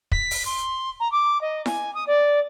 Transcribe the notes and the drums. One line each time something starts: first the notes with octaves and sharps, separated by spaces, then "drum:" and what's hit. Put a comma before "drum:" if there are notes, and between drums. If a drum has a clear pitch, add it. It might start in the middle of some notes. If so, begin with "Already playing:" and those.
B6, drum: kick
drum: open hi-hat
C6
A#5
D6
D#5
G#5, drum: snare E4
D#6
D5